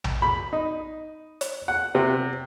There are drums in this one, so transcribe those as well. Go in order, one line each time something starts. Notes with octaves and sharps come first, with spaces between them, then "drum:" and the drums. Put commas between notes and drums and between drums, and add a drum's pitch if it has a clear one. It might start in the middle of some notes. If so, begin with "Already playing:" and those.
drum: tom A#1
B5
D#4
drum: hi-hat
F#5
C3